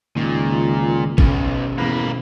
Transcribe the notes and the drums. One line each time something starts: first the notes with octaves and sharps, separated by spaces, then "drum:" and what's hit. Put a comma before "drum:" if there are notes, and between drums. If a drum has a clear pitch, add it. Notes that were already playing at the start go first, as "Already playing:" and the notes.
C#2 A#2 D#3
B1 B2 C#4, drum: kick
E2 A#3 B4